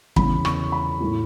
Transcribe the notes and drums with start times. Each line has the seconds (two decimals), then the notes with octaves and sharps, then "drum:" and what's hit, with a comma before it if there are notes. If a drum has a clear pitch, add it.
0.16 E2 C#3 E3 B5, drum: kick
0.45 C#6, drum: rim click
0.72 B5
1.00 A2 A3 E4